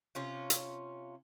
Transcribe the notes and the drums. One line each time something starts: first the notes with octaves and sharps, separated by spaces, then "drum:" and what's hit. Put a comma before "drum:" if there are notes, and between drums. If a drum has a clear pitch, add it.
C3 C#4 F4
drum: hi-hat